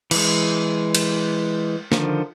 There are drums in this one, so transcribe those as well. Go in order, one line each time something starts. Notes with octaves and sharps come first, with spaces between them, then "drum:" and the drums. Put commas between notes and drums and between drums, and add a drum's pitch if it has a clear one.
E3 G#3, drum: cymbal
drum: cymbal
D3 D#3 F3, drum: snare